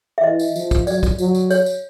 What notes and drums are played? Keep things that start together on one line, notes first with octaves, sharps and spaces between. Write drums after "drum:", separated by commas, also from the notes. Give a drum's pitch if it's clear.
E5
E3 D#5
drum: tambourine
F3, drum: tambourine
drum: kick, tambourine
F#3 D5, drum: tambourine
drum: kick, tambourine
F#3, drum: tambourine
drum: tambourine
C#5, drum: tambourine
drum: tambourine